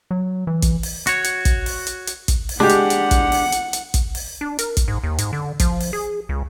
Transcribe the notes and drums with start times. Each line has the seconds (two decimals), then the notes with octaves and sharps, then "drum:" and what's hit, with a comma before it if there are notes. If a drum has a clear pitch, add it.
0.11 F#3
0.47 E3
0.63 drum: kick, hi-hat
0.83 drum: open hi-hat
1.07 F#4 C#5, drum: hi-hat
1.25 drum: hi-hat
1.45 drum: kick, hi-hat
1.66 drum: open hi-hat
1.87 drum: hi-hat
2.08 drum: hi-hat
2.28 drum: kick, hi-hat
2.49 drum: open hi-hat
2.60 G#3 D4 G4 F#5
2.70 drum: hi-hat
2.90 drum: hi-hat
3.11 drum: kick, hi-hat
3.32 drum: open hi-hat
3.53 drum: hi-hat
3.73 drum: hi-hat
3.94 drum: kick, hi-hat
4.15 drum: open hi-hat
4.41 D4
4.59 A#4, drum: hi-hat
4.77 drum: kick, hi-hat
4.88 G#2
5.04 D#2
5.19 G#2, drum: hi-hat
5.33 D3
5.60 F3, drum: kick, hi-hat
5.80 drum: open hi-hat
5.93 G#4
6.29 C#2